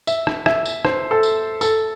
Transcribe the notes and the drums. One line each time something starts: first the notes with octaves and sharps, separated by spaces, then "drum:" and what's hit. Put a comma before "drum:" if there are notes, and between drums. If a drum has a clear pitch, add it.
E5, drum: tambourine
drum: rim click
E5, drum: rim click
drum: tambourine
C5, drum: rim click
A4
drum: tambourine
A4, drum: tambourine